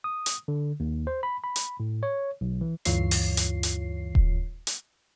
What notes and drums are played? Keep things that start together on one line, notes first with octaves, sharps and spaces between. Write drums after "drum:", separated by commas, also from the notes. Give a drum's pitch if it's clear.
D#6
drum: hi-hat
D3
D#2
C5
B5
B5
drum: hi-hat
A2
C#5
B1
E3
D2 G2 E3 F4 C#5 C7, drum: hi-hat
drum: open hi-hat
drum: hi-hat
drum: hi-hat
drum: kick D#1
drum: hi-hat